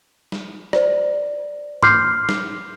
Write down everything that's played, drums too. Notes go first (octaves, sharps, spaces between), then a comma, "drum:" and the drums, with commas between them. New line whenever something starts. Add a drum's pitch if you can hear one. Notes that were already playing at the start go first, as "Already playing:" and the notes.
drum: snare
C5 D5, drum: rim click
C6 D6 F6 G6 C7, drum: tom
drum: snare